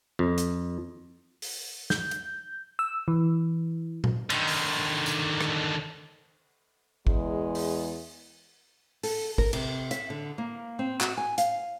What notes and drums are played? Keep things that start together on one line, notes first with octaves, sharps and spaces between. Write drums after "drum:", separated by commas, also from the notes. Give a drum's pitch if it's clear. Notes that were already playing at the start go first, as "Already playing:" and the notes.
F2
drum: hi-hat
drum: open hi-hat
G6, drum: snare
drum: hi-hat
E6
E3
drum: tom A#2
D3 D#3, drum: cymbal
drum: open hi-hat
drum: tambourine
drum: rim click
E2 G#3, drum: kick
drum: open hi-hat
A4, drum: open hi-hat
A#4, drum: kick
C3, drum: cymbal
E5, drum: hi-hat
D3
A#3
C4
F#4, drum: clap
G#5
F5, drum: hi-hat